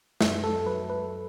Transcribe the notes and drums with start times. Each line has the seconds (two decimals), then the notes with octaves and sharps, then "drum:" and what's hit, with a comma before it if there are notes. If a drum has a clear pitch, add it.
0.21 F#2 E5, drum: snare
0.44 A4
0.66 F#3 B4
0.90 B4